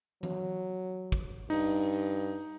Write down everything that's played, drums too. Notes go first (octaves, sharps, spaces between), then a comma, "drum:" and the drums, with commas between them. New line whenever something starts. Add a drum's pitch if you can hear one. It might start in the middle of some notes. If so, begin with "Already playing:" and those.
F#3, drum: tom E3
drum: kick
G2 D#4, drum: open hi-hat